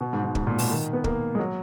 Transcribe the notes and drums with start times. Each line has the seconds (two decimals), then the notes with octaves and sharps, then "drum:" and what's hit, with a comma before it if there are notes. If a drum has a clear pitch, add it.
0.01 B2
0.13 G#2
0.24 G#2
0.35 G#2, drum: kick
0.47 A#2
0.58 B2, drum: open hi-hat
0.70 D#3
0.93 B3
1.04 A#3, drum: kick
1.35 G#3
1.39 F#3